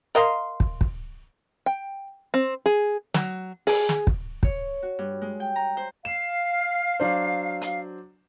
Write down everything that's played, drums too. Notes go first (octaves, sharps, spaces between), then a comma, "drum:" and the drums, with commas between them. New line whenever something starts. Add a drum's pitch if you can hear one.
A#4 D#5 F5 C6
drum: kick
drum: kick
G5
C4
G#4
F#3, drum: snare
G#4, drum: open hi-hat
drum: snare
drum: kick
C#5, drum: kick
F#4
G2
G#3
G5
A#5
C5
F5 E7
F#3 D4 C5
drum: hi-hat